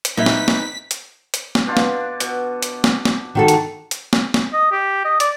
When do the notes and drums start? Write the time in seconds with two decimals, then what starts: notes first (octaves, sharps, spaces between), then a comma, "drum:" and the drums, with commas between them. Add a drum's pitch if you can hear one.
0.05 drum: hi-hat
0.17 A#2 F#3 A#3 D#4 E4 B4 E5 B6
0.26 drum: snare
0.48 drum: snare
0.91 drum: hi-hat
1.34 drum: hi-hat
1.55 drum: snare
1.67 B2 D4 F4
1.77 drum: snare
2.20 B2, drum: hi-hat
2.62 drum: hi-hat
2.84 drum: snare
3.05 drum: snare
3.35 D#3 F#4 A4
3.48 drum: hi-hat
3.91 drum: hi-hat
4.13 drum: snare
4.34 drum: snare
4.53 D#5
4.72 G4
5.05 D#5
5.20 D5, drum: hi-hat